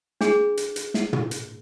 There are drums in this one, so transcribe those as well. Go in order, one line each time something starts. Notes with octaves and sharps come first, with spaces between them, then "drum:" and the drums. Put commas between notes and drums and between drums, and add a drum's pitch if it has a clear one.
D4 G#4, drum: snare
drum: hi-hat
drum: hi-hat
drum: snare
drum: tom
drum: hi-hat